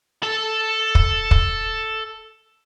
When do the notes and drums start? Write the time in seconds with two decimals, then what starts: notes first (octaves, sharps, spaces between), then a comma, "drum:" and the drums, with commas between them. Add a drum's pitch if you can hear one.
0.23 A4 A5
0.95 drum: kick
1.31 drum: kick